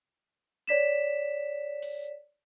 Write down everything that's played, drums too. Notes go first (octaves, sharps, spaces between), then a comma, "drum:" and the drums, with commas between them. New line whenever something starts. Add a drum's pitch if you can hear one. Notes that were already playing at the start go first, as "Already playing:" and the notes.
C#5 D5 B6 E7
drum: open hi-hat